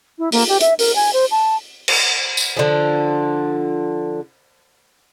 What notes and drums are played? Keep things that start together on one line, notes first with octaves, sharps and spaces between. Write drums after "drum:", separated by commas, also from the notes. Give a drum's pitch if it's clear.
E4
A#3, drum: open hi-hat
G4
E5, drum: hi-hat
A#4, drum: open hi-hat
G#5
C5
A5
drum: cymbal
drum: tambourine
D3 F3